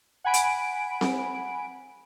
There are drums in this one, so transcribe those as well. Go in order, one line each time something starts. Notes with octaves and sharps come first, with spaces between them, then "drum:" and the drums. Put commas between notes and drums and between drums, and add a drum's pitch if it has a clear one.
F#5 G#5 B5 D7
drum: hi-hat
drum: snare C4